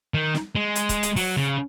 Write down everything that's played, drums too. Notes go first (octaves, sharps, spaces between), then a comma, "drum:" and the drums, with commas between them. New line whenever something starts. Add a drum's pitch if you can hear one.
D#3
drum: snare
G#3
drum: hi-hat
drum: kick, hi-hat
drum: hi-hat
F#3, drum: open hi-hat
C#3